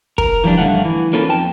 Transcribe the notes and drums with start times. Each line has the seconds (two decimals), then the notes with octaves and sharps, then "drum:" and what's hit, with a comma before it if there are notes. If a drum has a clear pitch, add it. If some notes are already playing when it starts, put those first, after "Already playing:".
0.18 A#4, drum: kick
0.44 E3 F3 G3 D4
0.58 G2 D3 G3 A3 F5 F#5
0.85 E3
1.13 A#3 C#4 D#4 F4 A4 B4
1.28 F2 G5 A5